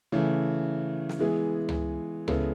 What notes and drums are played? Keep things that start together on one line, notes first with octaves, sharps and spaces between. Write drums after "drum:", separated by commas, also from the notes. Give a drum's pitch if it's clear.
C#3 E3 A3
drum: snare
E3 G#3 B3 E4 G#4
drum: tom C#2
C#3 G#3 B3 E4 A4, drum: tom C#2